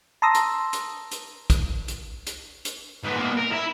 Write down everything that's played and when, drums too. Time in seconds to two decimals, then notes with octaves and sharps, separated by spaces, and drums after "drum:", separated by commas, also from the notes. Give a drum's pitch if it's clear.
0.22 A5 A#5 C6 D#6 E6 A#6
0.35 drum: hi-hat
0.73 drum: hi-hat
1.11 drum: hi-hat
1.50 drum: kick, hi-hat
1.88 drum: hi-hat
2.27 drum: hi-hat
2.65 drum: hi-hat
3.03 G#2 B3
3.17 B2 A#3
3.37 A#4
3.52 E4